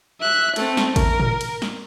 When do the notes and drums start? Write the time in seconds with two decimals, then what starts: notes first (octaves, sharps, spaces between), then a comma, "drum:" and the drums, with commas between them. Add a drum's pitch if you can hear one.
0.21 E5 F#6
0.56 A3 C4, drum: cymbal
0.77 drum: snare
0.96 A#4, drum: kick G#1, cymbal
1.20 drum: tom A2
1.41 drum: cymbal
1.62 drum: snare